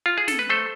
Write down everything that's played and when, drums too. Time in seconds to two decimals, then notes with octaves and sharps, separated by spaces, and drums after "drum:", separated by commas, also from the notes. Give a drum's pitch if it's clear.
0.06 F4
0.18 G#4
0.28 A4, drum: snare
0.39 B4
0.50 A3 A4 C5